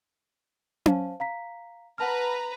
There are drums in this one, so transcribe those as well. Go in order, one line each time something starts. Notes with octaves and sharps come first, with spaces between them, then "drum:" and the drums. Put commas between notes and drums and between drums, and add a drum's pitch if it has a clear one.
C5 F5 A5, drum: tom C#4
F5 A#5 B6
B4 F#5 A5 A#5 F6